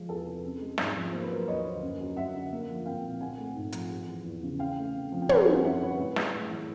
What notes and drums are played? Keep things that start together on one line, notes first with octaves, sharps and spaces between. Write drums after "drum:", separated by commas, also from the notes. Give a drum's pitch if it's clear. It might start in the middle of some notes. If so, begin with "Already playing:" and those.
Already playing: F3 G#3
E2 A4 B4
C3
C#4
G#3
G#2, drum: snare
F3
A#3 C5
B4
F#3 A#4 C5
D#2 C#5 D#5
D3
F#2
F#3
F#2 E5 F#5
D3
A#3
F3
C2 F5 G5
A#2
C4 F#5 G#5
A3
G#2
F3, drum: hi-hat
G#3
E3
E2
C#3
C#4 F5 G5
A3
C3
F3
G5
C4 F#5 G#5, drum: tom
G3
F#2 E5 F#5
D3 B4 C#5
A2
G#3, drum: snare
A2
E3